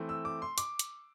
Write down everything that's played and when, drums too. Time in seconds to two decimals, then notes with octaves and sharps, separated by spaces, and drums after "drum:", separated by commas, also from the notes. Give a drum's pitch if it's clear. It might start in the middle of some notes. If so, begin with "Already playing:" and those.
Already playing: E3 A3 C4
0.09 E6
0.25 D6
0.42 C6
0.58 D6, drum: hi-hat
0.79 drum: hi-hat